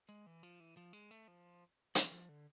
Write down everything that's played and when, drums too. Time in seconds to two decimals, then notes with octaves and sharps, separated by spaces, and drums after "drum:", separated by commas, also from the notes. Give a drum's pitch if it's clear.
0.09 G#3
0.26 E3
0.43 F3
0.60 E3
0.77 F3
0.93 G#3
1.11 A3
1.28 F3
1.95 F3, drum: hi-hat
2.11 F3
2.29 D3